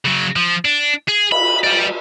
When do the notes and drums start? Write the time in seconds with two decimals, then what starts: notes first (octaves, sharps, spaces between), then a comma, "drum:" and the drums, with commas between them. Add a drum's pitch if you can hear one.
0.05 C#3 F#3
0.36 F3
0.65 D4
1.08 G#4
1.32 B5, drum: cymbal
1.64 G3 D5